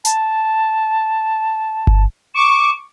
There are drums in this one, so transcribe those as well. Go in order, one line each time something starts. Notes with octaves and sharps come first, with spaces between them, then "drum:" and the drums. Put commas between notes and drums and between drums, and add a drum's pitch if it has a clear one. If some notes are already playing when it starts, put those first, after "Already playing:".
A5, drum: hi-hat
drum: kick G1
C#6 D6 E7